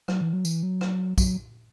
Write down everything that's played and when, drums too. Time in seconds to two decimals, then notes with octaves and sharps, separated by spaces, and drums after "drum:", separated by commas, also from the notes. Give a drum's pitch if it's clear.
0.08 F#3, drum: rim click
0.21 E3
0.33 F#3
0.45 E3, drum: tambourine
0.63 F#3
0.81 drum: rim click
1.18 F#3, drum: kick, tambourine